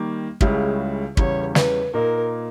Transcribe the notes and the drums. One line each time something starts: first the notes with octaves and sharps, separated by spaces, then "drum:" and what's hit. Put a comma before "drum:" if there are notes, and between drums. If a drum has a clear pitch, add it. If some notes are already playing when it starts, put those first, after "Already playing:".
Already playing: D#3 G3 A#3
C#2 C#3 G3 C#4 E4 G#4, drum: kick
E2 C#3 G3 C#4 C#5, drum: kick
B4, drum: snare
A#2 A#3 D#4 A#4